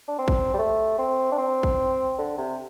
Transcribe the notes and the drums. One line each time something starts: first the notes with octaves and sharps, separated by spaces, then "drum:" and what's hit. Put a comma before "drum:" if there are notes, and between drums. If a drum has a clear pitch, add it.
D4
C4
drum: kick A1
G3
A3
C4
D4
C4
drum: kick A1
D3
C3